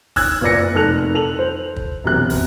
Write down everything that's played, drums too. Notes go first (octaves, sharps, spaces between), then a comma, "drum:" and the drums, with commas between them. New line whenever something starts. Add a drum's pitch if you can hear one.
E6 F#6 G#6, drum: kick, open hi-hat
F#1 F4 B4 D5 A#6 C#7
F1 D#4 A4 F#6 F7
A4 F7 F#7
C5
drum: kick
E1 F#2 C3 F#6
drum: kick, open hi-hat